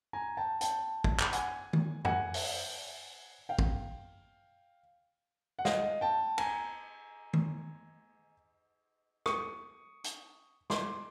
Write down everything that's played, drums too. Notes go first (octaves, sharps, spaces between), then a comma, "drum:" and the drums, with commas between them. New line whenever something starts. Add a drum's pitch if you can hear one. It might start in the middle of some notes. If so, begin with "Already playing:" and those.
G#5 A#5
G5 A5
G5 A5, drum: hi-hat
drum: kick
drum: clap
F#5 G#5, drum: hi-hat
drum: tom
F#5 G#5, drum: tom
drum: open hi-hat
F5 G5
drum: kick
F#5
D#5 F5, drum: snare
G5 A5
G#5 A#5, drum: cymbal
drum: tom
C#6 D#6, drum: rim click
drum: hi-hat
C6 D6, drum: snare